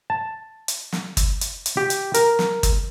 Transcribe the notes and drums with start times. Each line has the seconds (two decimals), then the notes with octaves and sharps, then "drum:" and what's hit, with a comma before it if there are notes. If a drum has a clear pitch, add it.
0.10 A5
0.68 drum: hi-hat
0.92 drum: snare
1.17 drum: kick, hi-hat
1.41 drum: hi-hat
1.66 drum: hi-hat
1.77 G4
1.90 drum: hi-hat
2.14 A#4, drum: hi-hat
2.39 drum: snare
2.63 drum: kick, hi-hat